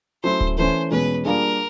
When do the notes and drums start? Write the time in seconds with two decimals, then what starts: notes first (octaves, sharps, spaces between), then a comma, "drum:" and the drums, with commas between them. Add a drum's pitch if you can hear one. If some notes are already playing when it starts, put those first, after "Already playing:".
0.24 F#3 A3 C#4 E4 C5
0.41 drum: kick D1
0.57 E3 A3 C#4 C5
0.91 E2 B2 G#3 C#4 B4
1.25 G3 A#3 D4 F4 G#4 A#4